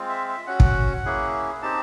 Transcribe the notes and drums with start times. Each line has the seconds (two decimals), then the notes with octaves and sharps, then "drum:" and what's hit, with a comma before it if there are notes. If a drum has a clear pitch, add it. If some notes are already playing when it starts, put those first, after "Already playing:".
Already playing: G#3 C4 F4
0.09 E5
0.28 E5
0.47 C#4 F#4 F#5
0.60 drum: kick
1.05 A#3 C#4 E4 G#4
1.62 C4 D#4 G4 A5